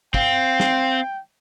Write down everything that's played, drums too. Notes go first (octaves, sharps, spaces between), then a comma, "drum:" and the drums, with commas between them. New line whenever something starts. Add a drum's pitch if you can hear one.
C4 F5 G5, drum: kick
drum: snare